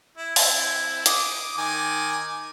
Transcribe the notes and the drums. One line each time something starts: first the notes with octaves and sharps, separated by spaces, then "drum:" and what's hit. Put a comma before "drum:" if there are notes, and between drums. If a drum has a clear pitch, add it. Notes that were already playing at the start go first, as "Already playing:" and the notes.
E4
C4 E4, drum: open hi-hat
D6 D#6, drum: hi-hat
D#3 G#5 D6